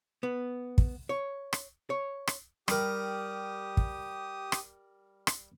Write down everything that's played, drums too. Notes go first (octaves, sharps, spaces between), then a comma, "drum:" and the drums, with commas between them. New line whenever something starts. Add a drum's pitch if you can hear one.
B3
drum: kick
C#5
drum: rim click
C#5
drum: rim click
G3 G4 A#4 D#6, drum: rim click
drum: kick
drum: rim click
drum: rim click